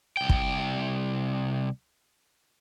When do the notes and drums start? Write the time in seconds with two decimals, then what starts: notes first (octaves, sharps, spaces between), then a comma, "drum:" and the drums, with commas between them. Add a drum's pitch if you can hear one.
0.17 C2 G5
0.29 drum: kick